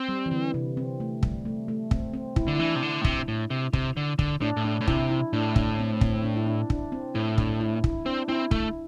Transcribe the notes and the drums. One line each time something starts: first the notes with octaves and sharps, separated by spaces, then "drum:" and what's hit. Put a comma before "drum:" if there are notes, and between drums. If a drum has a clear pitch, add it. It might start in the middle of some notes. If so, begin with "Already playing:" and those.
Already playing: C4
G3
E3
D3
C3
C4
A3
G3, drum: kick
A3
A3
C4, drum: kick
C4
E4, drum: kick
D3
E4
E3 D4
C3
D3
A2
C3, drum: kick
A2
C3
C3, drum: kick
D3
D3, drum: kick
A2 D4
A2
D4
A2
C3 E4, drum: kick
E4
A2 D4
D4, drum: kick
C4
C4, drum: kick
D4
E4
D4
D4, drum: kick
C4
A2 E4
D4, drum: kick
E4
E4, drum: kick
C4 D4
C4 E4
A3, drum: kick